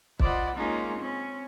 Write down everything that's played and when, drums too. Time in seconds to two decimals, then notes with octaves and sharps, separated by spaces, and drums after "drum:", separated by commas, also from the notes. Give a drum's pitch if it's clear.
0.20 F4 C5 D5 D#5 F#5 B5, drum: kick
0.54 G#3 A#3 C#4 D#4 F4
0.99 C4 C#4